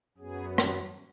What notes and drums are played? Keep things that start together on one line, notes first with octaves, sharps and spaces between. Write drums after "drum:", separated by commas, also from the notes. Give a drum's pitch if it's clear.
F#2 F#3 B3 G#4
drum: rim click